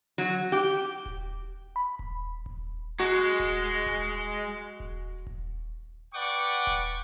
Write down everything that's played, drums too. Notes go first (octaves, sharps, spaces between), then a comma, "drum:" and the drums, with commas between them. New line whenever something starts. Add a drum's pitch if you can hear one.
F#3
G4
drum: kick D#1
B5
drum: kick D#1
drum: kick D#1
G#3 F#4
drum: kick D#1
drum: kick D#1
drum: kick D#1
drum: kick D#1
B4 D5 F#5 G5 C#6 D6
drum: kick D#1